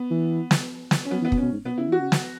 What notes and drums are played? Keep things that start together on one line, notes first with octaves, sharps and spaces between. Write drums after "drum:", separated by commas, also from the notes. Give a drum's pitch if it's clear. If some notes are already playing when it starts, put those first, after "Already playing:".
Already playing: B3
E3
drum: snare
drum: snare
C#4
F#3 B3
E3
B3
B2, drum: kick
C#4
B2
G#2
B2 B3
C#3 E4
E3 F#4
C#3
drum: snare